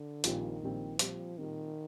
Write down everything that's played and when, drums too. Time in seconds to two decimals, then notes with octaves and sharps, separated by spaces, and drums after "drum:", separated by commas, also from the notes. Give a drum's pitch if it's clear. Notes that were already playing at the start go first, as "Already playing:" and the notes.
Already playing: D3
0.24 A#1 A#2 D#3 G3 C4 F4, drum: hi-hat
0.63 A#1 A#2 G3 C4 F4
0.99 A#2 F3 G3 C4, drum: hi-hat
1.38 A#2 D#3 G3 C4